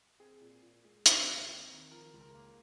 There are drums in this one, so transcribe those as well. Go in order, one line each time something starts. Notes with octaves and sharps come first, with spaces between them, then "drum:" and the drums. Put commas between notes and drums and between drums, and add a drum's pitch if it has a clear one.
C4 G#4
A#2
A#2
G#3
G#3, drum: hi-hat
D#2
C4
D#3
F3 A#4
C#2
A#4
A#3